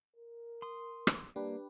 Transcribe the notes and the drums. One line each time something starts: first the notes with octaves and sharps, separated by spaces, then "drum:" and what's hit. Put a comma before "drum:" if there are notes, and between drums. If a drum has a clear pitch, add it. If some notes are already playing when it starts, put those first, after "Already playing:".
A#4
C6 D#6
drum: rim click
G3 A#3 D4 G4 B4